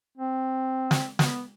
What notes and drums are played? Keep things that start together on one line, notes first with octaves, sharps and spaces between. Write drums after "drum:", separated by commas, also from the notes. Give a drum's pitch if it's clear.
C4
drum: snare
B3, drum: snare